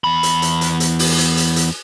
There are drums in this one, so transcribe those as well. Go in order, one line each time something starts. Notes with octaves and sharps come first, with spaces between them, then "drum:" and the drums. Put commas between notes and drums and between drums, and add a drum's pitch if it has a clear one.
E2 B5
drum: hi-hat
drum: hi-hat
drum: hi-hat
drum: hi-hat
drum: open hi-hat
drum: hi-hat
drum: hi-hat
drum: hi-hat